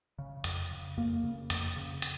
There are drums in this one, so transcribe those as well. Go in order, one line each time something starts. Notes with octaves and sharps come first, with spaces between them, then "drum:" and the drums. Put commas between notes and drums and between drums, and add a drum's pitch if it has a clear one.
C#3
F2, drum: hi-hat
C#3
F2 A#3
C#3
F2, drum: hi-hat
C#3
drum: hi-hat